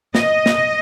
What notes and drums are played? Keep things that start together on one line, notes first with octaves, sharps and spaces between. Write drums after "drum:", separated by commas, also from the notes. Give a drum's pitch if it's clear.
D#5, drum: snare
drum: snare